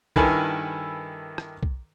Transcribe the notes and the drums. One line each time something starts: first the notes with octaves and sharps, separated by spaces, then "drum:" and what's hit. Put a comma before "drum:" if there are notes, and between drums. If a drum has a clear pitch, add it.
G2 D#3 E4 A4 B4 G#5, drum: kick B1
drum: rim click
drum: kick B1